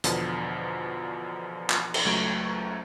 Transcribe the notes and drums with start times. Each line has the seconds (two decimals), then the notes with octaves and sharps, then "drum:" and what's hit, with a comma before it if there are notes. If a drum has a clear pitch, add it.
0.04 E2 B2 D3 F3, drum: hi-hat
1.70 drum: clap
1.94 drum: cymbal
2.05 C#2 F#3 A3 G#6 D7